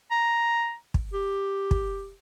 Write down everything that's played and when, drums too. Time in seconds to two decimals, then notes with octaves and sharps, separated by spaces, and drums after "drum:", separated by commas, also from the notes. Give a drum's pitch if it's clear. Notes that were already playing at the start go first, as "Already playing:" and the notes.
0.11 A#5
0.94 drum: kick
1.13 G4
1.71 drum: kick